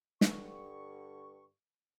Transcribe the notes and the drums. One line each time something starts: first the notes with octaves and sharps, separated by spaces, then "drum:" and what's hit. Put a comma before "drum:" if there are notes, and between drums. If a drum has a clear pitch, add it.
G2 D3 C#6, drum: snare